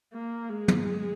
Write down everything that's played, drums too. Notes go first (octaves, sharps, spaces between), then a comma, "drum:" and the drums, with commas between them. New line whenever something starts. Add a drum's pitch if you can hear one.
A#3
G#3
drum: tom